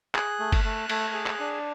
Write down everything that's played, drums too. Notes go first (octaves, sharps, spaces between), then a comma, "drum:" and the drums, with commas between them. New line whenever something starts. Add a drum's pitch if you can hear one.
G#4 F#6, drum: clap
A3
drum: kick F#1, cymbal
A3
A3, drum: cymbal
G#4
drum: clap
D4